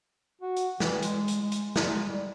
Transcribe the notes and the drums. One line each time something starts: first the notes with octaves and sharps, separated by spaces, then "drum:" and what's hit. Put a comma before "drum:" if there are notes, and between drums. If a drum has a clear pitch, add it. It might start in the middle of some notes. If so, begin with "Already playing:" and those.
F#4
drum: hi-hat
E3, drum: snare
G#3, drum: hi-hat
drum: hi-hat
G#3
drum: hi-hat
drum: snare
G3